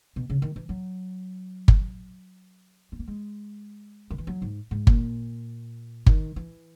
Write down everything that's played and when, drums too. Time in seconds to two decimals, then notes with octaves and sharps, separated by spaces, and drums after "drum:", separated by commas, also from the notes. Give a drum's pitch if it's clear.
0.16 B2
0.30 C#3
0.42 D#3
0.56 E3
0.69 F#3
1.68 drum: kick G1
2.92 B3
2.99 A#3
3.08 G#3
4.11 D#3
4.18 E3
4.27 F#3
4.42 G#2
4.71 G#2
4.87 A#2, drum: kick G1
6.06 D#3, drum: kick G1
6.36 E3